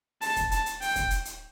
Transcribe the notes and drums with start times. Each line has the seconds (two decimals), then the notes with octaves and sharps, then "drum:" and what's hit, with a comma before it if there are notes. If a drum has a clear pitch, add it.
0.21 A5, drum: open hi-hat
0.36 drum: kick, hi-hat
0.51 A5, drum: hi-hat
0.66 drum: hi-hat
0.81 G5, drum: open hi-hat
0.96 drum: kick, hi-hat
1.10 drum: hi-hat
1.25 drum: hi-hat